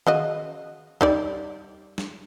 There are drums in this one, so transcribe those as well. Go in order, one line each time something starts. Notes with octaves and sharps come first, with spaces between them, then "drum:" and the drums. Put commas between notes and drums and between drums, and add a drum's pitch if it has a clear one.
C#3 F#4 D#5, drum: tom D#3
G3 D#4 D5, drum: kick C#2
drum: snare